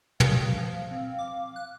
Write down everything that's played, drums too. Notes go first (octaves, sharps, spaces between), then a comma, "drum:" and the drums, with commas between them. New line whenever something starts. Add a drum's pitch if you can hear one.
F5 D#6, drum: tom
F3
C4
D6
F#6